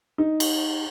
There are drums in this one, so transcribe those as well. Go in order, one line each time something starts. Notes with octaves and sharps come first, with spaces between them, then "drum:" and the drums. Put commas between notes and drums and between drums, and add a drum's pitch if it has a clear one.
D#4
drum: cymbal